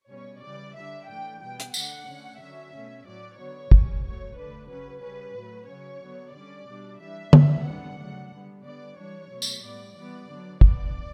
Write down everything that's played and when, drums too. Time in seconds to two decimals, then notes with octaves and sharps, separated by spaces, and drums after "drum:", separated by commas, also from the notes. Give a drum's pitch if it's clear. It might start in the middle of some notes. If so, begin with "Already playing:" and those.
0.10 B2 G3 C#4 C#5
0.43 C#3 E3 G3 D5
0.76 D3 G3 D4 E5
1.09 A2 E3 A3 D4 G5
1.42 B2 G3 B3 G5
1.60 drum: hi-hat
1.74 D3 A3 D4 F#5, drum: tambourine
2.07 D3 A3 C#4
2.40 D3 F#3 C#4 E5
2.73 B2 A3 C#4
3.06 A2 F#3 C#4 D5
3.39 D3 F#3 B3 C#5
3.71 A2 G3 C#4, drum: kick
4.05 A2 F#3 A3 C#5
4.37 D3 A3 D4 B4
4.70 C#3 F#3 C#4 B4
5.03 C#3 G3 C#4 B4
5.36 A2 F#3 A3
5.69 C#3 F#3 C#4 C#5
6.01 D3 F#3 B3
6.35 D3 G3 C#4 D5
6.67 B2 G3 D4
7.00 E3 G3 D4 E5
7.33 B2 F#3 B3 D4, drum: tom
7.66 D3 G3 B3 D4 F#5
7.99 C#3 F#3 A3 D4
8.32 D3 G3 B3
8.64 D3 G3 B3 D5
8.98 E3 G3 D4 C#5
9.31 B2 F#3 A3
9.42 drum: tambourine
9.63 A2 G3 B3 D5
9.96 E3 G3 B3 D5
10.29 D3 F#3 B3 D4
10.61 E3 B3 D4 D5, drum: kick